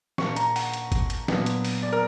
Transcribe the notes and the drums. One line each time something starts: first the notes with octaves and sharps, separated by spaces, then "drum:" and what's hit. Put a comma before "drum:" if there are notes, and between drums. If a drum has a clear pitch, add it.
A#2 A#3 D4 C#6, drum: snare
A#5, drum: hi-hat
F#5, drum: open hi-hat
drum: hi-hat
drum: kick F#1, hi-hat
drum: hi-hat
A#2 F#3 B3 D4, drum: snare
drum: hi-hat
drum: open hi-hat
D5
A#4